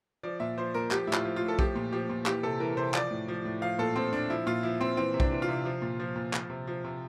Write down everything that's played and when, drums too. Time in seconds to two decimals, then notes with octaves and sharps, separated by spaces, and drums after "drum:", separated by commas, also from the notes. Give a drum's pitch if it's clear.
0.23 F3 D5
0.40 A#2 E5
0.57 F3 C5
0.74 A#2 A#4
0.91 F3 G4, drum: clap
1.07 A2 E4
1.13 F4, drum: clap
1.25 F3
1.36 F4
1.41 A2
1.48 A4
1.59 F3 G4, drum: kick B1
1.76 A#2
1.92 F3 G4
2.10 A#2
2.26 E3 G4, drum: clap
2.43 C3 A4
2.60 E3 A#4
2.77 C3 C5
2.94 F3 D5, drum: clap
3.11 A2
3.28 F3
3.45 A2
3.62 F3 F5
3.79 A#2 A4
3.96 F3 C4
4.13 A#2 D4
4.30 F3 E4
4.46 A#2 F4
4.63 F3 E4
4.80 A#2 C4
4.97 E3 C4
5.14 C3
5.20 D4, drum: kick B1
5.31 E3
5.42 F4
5.48 C3
5.65 F3
5.82 A#2
5.99 F3
6.16 A#2
6.33 F3, drum: clap
6.50 C3
6.67 F3
6.84 C3